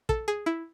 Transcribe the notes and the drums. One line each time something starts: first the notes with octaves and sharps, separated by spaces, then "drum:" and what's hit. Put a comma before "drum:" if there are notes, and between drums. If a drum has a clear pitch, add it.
A4, drum: kick
G#4
E4